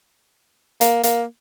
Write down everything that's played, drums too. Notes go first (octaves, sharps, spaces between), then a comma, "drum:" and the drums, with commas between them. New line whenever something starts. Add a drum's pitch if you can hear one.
A#3, drum: hi-hat
A#3, drum: hi-hat